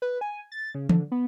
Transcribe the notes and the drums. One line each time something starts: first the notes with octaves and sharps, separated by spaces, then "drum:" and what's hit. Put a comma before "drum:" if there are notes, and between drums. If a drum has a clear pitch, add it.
B4
G#5
A6
C#3
D3, drum: tom E3
B3